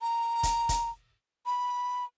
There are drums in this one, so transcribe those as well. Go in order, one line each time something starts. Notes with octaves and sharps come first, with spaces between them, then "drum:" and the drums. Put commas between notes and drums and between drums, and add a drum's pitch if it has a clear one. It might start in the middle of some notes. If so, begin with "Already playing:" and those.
A#5
drum: kick, hi-hat
drum: kick, hi-hat
B5